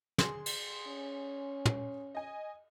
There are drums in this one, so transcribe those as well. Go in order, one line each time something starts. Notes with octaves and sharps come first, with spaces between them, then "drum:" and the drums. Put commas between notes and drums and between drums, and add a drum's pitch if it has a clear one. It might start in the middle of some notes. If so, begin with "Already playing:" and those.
G#4 C6, drum: snare
drum: cymbal
C#4
drum: tom
D#5 G#5